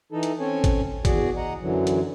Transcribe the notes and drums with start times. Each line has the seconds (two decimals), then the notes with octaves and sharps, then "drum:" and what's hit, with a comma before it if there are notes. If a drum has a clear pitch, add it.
0.12 E3 D#4 A4
0.23 drum: hi-hat
0.40 C4 C#4 A4 C#5 G#5
0.64 drum: kick G#1, hi-hat
1.05 E2 F#4 G#4 D5, drum: kick G#1, hi-hat
1.37 D#5 F#5 A#5
1.61 F#2 D3 E3 F#3
1.87 drum: hi-hat